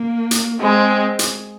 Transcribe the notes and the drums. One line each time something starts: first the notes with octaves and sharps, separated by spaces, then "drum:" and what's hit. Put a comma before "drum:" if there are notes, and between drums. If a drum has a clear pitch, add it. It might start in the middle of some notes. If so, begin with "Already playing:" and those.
Already playing: A#3
drum: hi-hat
G#3 C4
drum: hi-hat